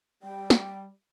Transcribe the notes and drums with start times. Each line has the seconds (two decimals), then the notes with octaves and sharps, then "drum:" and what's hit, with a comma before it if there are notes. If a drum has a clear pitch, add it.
0.23 G3 G5
0.50 drum: snare